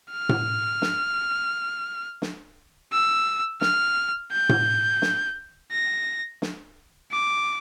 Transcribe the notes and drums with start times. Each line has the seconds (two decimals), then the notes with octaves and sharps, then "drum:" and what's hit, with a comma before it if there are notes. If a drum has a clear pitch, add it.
0.11 F6
0.29 drum: tom A2
0.82 drum: snare
2.22 drum: snare
2.92 E6
3.61 F6, drum: snare
4.32 G6
4.49 drum: tom A2
5.02 drum: snare
5.72 A#6
6.42 drum: snare
7.12 D6